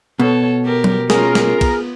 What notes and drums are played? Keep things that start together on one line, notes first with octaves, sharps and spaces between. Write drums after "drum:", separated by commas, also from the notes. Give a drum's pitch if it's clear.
B2 A4 C#5
G4 A#4
drum: tom F#3
C#4 F4 G#4 A#4, drum: snare
drum: snare
B3, drum: kick, cymbal